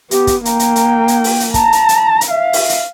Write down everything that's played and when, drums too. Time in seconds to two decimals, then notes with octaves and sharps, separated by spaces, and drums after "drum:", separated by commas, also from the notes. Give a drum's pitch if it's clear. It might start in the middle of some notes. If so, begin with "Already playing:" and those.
0.11 B3 G4, drum: hi-hat
0.27 drum: kick, hi-hat
0.45 A#3 G5 A#5, drum: hi-hat
0.59 drum: hi-hat
0.76 drum: hi-hat
1.08 drum: hi-hat
1.24 drum: open hi-hat
1.40 drum: hi-hat
1.54 A5 A#5, drum: kick, hi-hat
1.72 drum: hi-hat
1.89 drum: hi-hat
2.21 drum: hi-hat
2.30 E5 F5
2.53 drum: open hi-hat
2.69 drum: hi-hat